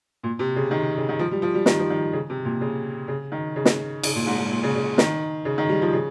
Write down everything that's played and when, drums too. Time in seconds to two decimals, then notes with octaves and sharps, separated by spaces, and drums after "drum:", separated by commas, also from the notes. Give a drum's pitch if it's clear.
0.23 A#2
0.39 C3
0.56 C#3
0.71 D#3
0.98 C#3
1.09 D#3
1.19 F3
1.31 G3
1.42 F3
1.54 G3
1.66 D#3, drum: snare
1.79 F3
1.90 D#3
2.13 C#3
2.30 C3
2.45 A#2
2.61 C#3
3.08 C#3
3.32 D#3
3.56 C#3
3.65 drum: snare
4.03 C#3, drum: cymbal
4.15 A#2
4.27 G#2
4.38 G#2
4.51 A#2
4.63 C#3
4.75 C#3
4.98 D#3, drum: snare
5.45 C#3
5.58 D#3
5.69 G3
5.82 F3
5.93 C#3